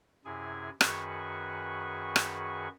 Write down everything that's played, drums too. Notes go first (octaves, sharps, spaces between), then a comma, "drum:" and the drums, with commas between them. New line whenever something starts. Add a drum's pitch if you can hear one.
F#2 C3 E4 G#4 G#5
F#2 D#3 F#4 G#4 B4 C#6, drum: rim click
drum: rim click